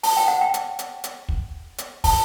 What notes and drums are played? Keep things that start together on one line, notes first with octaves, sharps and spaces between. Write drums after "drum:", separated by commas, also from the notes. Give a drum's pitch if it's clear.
A5, drum: open hi-hat
G5
F#5
G5
drum: hi-hat
drum: hi-hat
drum: hi-hat
drum: kick
drum: hi-hat
A5, drum: kick, open hi-hat